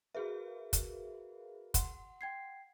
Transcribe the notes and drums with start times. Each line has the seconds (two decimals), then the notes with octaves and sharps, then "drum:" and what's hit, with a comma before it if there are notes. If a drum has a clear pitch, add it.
0.15 F#4 G#4 A#4 B4 E5 F5
0.73 drum: kick, hi-hat
1.74 F#5 C6, drum: kick, hi-hat
2.21 G5 G#6 C7